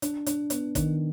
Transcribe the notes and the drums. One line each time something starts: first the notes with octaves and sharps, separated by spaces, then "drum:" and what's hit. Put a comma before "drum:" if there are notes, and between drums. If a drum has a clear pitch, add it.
D4, drum: hi-hat
D4, drum: hi-hat
B3, drum: hi-hat
D#3, drum: kick, hi-hat